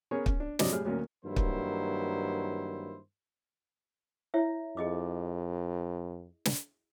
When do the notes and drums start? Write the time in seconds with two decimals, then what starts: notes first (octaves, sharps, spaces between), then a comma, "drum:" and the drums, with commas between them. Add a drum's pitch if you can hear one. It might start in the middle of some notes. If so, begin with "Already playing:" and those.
0.11 B3 C#4 G#4 A#4 C#5
0.26 C#4, drum: kick
0.40 D4
0.59 F#2 C3 F3 F#3 D5 D#5, drum: snare
0.72 A2 G3 G#4 F6
0.85 D2 F#3 A#3 C#4 A#4
1.24 G2 D#3 F#3 A#3 E4 C5
1.36 drum: kick
4.34 E4 C#5 E5
4.77 F2 G#4 D#5 D6
6.45 drum: snare